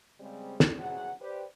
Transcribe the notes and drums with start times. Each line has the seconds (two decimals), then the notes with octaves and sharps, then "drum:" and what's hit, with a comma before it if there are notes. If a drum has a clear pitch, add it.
0.19 C#3 G3 G#3 C4
0.60 drum: snare
0.79 C2 B2 F#3 G#4 F#5
1.22 G4 B4 C5 D5